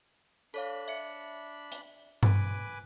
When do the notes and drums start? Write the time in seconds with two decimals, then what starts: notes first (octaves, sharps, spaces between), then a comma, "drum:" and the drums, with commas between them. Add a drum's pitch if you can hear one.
0.54 D4 A4 C#5 F5 B5
0.88 E5 C#7
1.72 drum: hi-hat
2.23 B4 G#5 D6, drum: tom G2